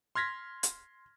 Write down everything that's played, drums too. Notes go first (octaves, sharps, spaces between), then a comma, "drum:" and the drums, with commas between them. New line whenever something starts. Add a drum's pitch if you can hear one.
C6 F6 G#6 A#6 B6
drum: hi-hat